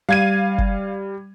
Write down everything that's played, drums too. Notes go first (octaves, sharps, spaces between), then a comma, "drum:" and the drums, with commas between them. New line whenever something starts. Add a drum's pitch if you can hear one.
G3 F5 G#6 D#7
drum: kick F#1